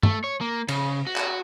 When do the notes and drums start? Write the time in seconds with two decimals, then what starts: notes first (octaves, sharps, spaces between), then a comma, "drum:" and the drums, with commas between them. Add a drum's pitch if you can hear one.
0.03 A3, drum: tom
0.24 C#5
0.41 A#3
0.69 C#3, drum: cymbal
1.07 F#4
1.16 drum: clap